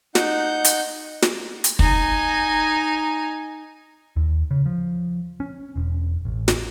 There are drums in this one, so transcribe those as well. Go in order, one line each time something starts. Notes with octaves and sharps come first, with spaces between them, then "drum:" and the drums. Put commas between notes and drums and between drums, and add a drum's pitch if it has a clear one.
D#4 F#5 G6, drum: snare
drum: hi-hat
drum: snare
drum: hi-hat
D#4 G#5, drum: kick
D#2
C#3
F3
C#4
E1
A1
drum: snare